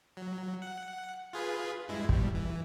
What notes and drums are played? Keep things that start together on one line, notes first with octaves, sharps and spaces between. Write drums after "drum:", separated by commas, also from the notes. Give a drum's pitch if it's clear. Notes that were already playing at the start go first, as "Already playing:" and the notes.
F#3
F#5
F4 G#4 B4
G2 G#3 E4
B2 G3, drum: kick
E3